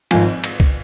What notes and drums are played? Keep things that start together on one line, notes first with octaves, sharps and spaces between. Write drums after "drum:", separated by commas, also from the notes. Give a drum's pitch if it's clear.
G#1 G#2 F3 G#5, drum: cymbal
drum: cymbal
drum: kick C2